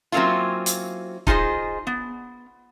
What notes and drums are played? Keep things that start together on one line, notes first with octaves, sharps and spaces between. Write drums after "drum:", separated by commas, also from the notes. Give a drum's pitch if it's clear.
F#3 A#3 C4 C#4 E4 F4
drum: hi-hat
D#4 F4 G#4 C5 D#5, drum: kick
B3